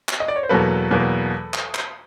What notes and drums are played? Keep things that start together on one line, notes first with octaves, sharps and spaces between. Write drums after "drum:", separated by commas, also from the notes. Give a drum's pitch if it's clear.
drum: clap
D#5
D5
C#5
C5
E2 B2 F#3 A#3 A4 B4
E2 B2 F#3 A#3
drum: clap
drum: clap